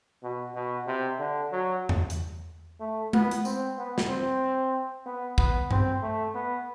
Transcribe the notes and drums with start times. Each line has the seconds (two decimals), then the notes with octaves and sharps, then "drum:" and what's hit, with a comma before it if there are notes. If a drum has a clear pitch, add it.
0.23 B2
0.55 B2
0.87 C3
1.19 D3
1.52 F#3
1.89 drum: tom E2
2.10 drum: hi-hat
2.80 A3
3.13 B3, drum: tom G#3
3.31 drum: hi-hat
3.45 C4, drum: tambourine
3.78 B3
3.98 drum: snare
4.09 C4
5.06 B3
5.38 B3, drum: kick
5.71 C4, drum: tom G2
6.02 A3
6.35 B3